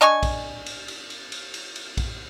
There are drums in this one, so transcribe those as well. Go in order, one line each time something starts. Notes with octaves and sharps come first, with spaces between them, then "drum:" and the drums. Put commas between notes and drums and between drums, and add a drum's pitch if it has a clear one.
D4 D#5 G#5 C#6
drum: kick A#1, cymbal
drum: cymbal
drum: cymbal
drum: cymbal
drum: cymbal
drum: cymbal
drum: cymbal
drum: kick A#1, cymbal